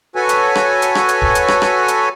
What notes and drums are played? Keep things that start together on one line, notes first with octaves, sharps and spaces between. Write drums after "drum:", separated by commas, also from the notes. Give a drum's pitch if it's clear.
F#4 A4 B4 C#5 G#5
drum: hi-hat
drum: rim click
drum: hi-hat
drum: rim click
drum: hi-hat
drum: kick
drum: hi-hat
drum: rim click
drum: rim click
drum: hi-hat